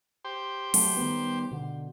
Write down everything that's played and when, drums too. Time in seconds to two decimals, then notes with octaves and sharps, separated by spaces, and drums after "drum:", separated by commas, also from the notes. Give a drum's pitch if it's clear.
0.25 G4 C5 C6
0.74 F#3 A3, drum: open hi-hat
0.97 D#3 G3 B3
1.51 B2 D3